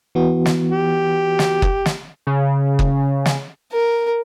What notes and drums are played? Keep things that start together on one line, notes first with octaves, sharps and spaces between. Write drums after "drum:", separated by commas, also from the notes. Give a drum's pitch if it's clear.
E3 B3 F#4
drum: snare
G4
drum: snare
drum: kick F#1
drum: snare
C#3
drum: kick F#1
drum: snare
A#4